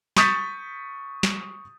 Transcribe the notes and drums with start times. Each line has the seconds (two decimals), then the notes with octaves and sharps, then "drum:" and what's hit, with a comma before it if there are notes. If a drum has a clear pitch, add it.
0.17 C#6 D#6 G6 A6 B6, drum: snare
1.23 drum: snare